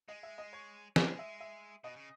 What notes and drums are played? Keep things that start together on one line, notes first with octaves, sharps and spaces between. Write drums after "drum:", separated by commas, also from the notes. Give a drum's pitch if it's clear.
G#3 D#5
E5
D#5
C#5
G#3 D#5, drum: snare
E5
E5
B2 D#5
C#3